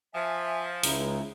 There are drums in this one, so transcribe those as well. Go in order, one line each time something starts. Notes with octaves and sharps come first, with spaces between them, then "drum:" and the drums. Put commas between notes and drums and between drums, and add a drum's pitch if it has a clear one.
F3 E5 G#5
C#2 G#3 D#4 E4, drum: open hi-hat